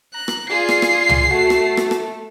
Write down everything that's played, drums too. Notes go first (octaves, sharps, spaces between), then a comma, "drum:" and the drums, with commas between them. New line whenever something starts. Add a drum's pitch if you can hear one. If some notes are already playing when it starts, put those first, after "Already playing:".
A#5 F#6
drum: rim click
F4 G#4 D5 C7
drum: rim click
drum: rim click
drum: tom
A3 F#4
drum: rim click
drum: rim click
drum: rim click